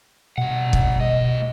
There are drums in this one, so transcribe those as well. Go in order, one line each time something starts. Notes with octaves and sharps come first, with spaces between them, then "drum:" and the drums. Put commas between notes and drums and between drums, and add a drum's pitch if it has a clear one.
B2 G3 F#5
drum: kick
A2 D#5